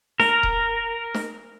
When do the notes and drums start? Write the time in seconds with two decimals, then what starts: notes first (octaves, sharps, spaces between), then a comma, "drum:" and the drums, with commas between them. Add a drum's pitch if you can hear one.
0.20 A#4, drum: snare
0.43 drum: kick D#1
1.14 drum: snare